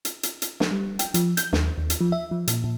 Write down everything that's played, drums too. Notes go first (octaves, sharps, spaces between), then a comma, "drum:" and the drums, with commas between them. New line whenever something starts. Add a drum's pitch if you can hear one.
drum: hi-hat
drum: hi-hat
drum: hi-hat
drum: snare
G3
G5, drum: hi-hat
F3, drum: hi-hat
G6, drum: hi-hat
D#2, drum: snare
D#2
drum: hi-hat
F3
E5
F3
A#2, drum: hi-hat
A#2